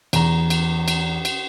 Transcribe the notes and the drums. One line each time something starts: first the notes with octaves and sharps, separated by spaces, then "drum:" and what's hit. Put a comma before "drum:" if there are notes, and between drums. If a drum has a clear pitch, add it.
E2 A#5, drum: cymbal
drum: cymbal
drum: cymbal
drum: cymbal